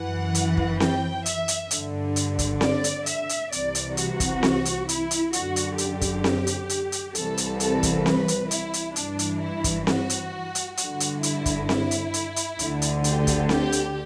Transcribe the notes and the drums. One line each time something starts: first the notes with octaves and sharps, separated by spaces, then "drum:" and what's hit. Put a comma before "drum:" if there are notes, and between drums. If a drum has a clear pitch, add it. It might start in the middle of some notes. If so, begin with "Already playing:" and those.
Already playing: F#2 E3 F#5
drum: hi-hat
drum: kick
G5, drum: snare C4
E5, drum: hi-hat
drum: hi-hat
G2 D3, drum: hi-hat
drum: hi-hat
drum: kick, hi-hat
D5, drum: snare C4
drum: hi-hat
E5, drum: hi-hat
drum: hi-hat
C2 C3 E3 D5, drum: hi-hat
drum: hi-hat
F#4, drum: hi-hat
drum: kick, hi-hat
drum: snare C4
drum: hi-hat
E4, drum: hi-hat
drum: hi-hat
F#2 D3 F#4, drum: hi-hat
drum: hi-hat
G4, drum: hi-hat
drum: kick, hi-hat
drum: snare C4
drum: hi-hat
drum: hi-hat
drum: hi-hat
C2 C3 E3 A4, drum: hi-hat
drum: hi-hat
A4, drum: hi-hat
drum: kick, hi-hat
B4, drum: snare C4
drum: hi-hat
E4, drum: hi-hat
drum: hi-hat
G2 E3 D4, drum: hi-hat
drum: hi-hat
E4
drum: kick, hi-hat
F#4, drum: snare C4
drum: hi-hat
drum: hi-hat
G2 D3 F#4, drum: hi-hat
drum: hi-hat
E4, drum: hi-hat
drum: kick, hi-hat
E4, drum: snare C4
drum: hi-hat
drum: hi-hat
drum: hi-hat
D2 D3, drum: hi-hat
drum: hi-hat
G4, drum: hi-hat
drum: kick, hi-hat
G4, drum: snare C4
drum: hi-hat